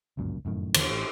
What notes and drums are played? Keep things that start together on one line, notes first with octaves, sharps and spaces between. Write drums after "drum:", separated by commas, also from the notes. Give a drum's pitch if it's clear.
G1 C#2 F#2 A#2
F1 F#2 A2 D#3
E2 D3 D#3 F3, drum: cymbal
A1